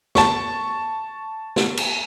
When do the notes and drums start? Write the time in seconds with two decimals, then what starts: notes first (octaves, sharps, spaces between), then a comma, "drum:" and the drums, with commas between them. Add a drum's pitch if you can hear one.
0.15 A5 C#6, drum: snare
1.56 drum: snare
1.77 drum: cymbal